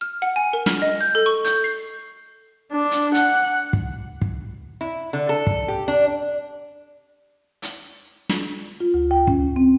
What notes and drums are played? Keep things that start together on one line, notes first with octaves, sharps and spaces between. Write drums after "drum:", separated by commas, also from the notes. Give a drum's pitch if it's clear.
F6
F#5
G#5
A#4
F6, drum: snare
D#5
G6
A4
C#6
G6, drum: hi-hat
C7
D4
drum: hi-hat
F#5, drum: hi-hat
drum: kick
drum: kick
E4
D3
A4
drum: kick
G4
D4
drum: hi-hat
drum: snare
F4
D2
G5
C#4, drum: kick
C4